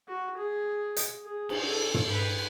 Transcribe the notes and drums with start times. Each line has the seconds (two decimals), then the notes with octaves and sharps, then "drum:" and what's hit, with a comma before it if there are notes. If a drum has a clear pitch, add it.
0.08 F#4
0.38 G#4
0.96 drum: hi-hat
1.24 G#4
1.49 drum: cymbal
1.68 A4
1.94 drum: tom
2.11 B4